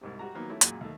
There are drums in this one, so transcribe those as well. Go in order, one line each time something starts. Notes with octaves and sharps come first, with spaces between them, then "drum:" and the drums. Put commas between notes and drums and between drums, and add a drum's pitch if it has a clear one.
C2 G#2 C3
G3 F#4 A#5
D#3 F3 F#3 A#3 B3 D#4
A3 C#4 E4 G4
F#2 A#2 G#3, drum: hi-hat
D#2 A3